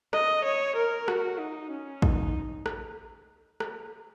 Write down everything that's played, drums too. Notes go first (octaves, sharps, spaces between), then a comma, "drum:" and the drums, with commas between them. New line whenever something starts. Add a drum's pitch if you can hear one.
D#5, drum: rim click
C#5
A#4
F#4, drum: rim click
D#4
C#4
D#4, drum: kick
drum: rim click
drum: rim click